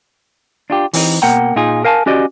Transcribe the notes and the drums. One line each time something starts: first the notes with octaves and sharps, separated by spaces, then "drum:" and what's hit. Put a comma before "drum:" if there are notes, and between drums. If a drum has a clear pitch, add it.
D4 F4 G4
E3 C4 D#4, drum: open hi-hat
B2 A#3 F#5 G5 A#5
A#2 D#4 F4 G#4
A#4 F5 G#5 A5
C#4 F#4 G4 D5 D#5